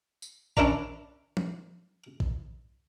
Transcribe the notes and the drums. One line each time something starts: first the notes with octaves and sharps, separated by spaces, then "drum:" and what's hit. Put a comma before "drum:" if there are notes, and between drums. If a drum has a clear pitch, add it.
drum: tambourine
C#4 D4 E4 A#4 D5 A#5, drum: kick A#1
drum: tom F3
drum: kick A#1